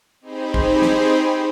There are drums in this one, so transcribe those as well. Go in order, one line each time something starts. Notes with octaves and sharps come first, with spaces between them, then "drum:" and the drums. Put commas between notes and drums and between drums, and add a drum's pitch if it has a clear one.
C4 D#4 G4 G#4 C5 B5
drum: kick
drum: snare